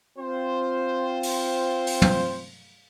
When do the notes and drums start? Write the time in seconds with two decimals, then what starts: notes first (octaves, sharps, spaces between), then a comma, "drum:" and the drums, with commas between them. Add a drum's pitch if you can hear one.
0.19 C4 F4 C5
1.23 drum: open hi-hat
1.87 drum: open hi-hat
2.02 drum: tom